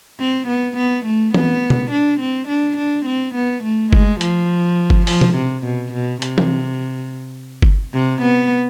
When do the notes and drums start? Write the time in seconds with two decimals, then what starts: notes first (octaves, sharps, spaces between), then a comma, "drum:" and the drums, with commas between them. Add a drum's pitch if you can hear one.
0.20 C4
0.48 B3
0.77 B3
1.06 A3
1.34 B3, drum: tom E3
1.70 drum: tom B2
1.92 D4
2.20 C4
2.49 D4
2.78 D4
3.06 C4
3.35 B3
3.64 A3
3.93 G#3, drum: kick G1
4.21 F3, drum: hi-hat
4.90 drum: kick G1
5.07 F3, drum: open hi-hat
5.21 drum: tom B2
5.36 C3
5.65 B2
5.93 B2
6.22 C3, drum: hi-hat
6.38 drum: tom E3
7.62 drum: kick G1
7.93 C3
8.22 B3